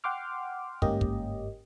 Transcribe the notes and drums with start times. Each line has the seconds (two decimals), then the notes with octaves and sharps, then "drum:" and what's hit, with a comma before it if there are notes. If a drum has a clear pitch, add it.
0.04 F#5 G5 C6 D6 F6
0.82 G1 G#2 A#3 C#4 G4 D#5, drum: kick
1.01 drum: kick